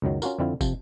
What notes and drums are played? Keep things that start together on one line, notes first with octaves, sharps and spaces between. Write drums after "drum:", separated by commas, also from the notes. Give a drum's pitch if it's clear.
C#2 F#2 D#3 F#3
C#4 F4 F#4 A#4, drum: tambourine
F2 D3 C4 E4 F4
C3 F3, drum: kick, tambourine